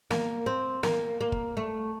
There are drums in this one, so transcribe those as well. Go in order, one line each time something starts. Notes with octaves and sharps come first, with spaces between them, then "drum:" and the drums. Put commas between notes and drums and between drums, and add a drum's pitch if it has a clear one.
A#3, drum: snare
C4
A#3, drum: snare
A#3
drum: kick
A3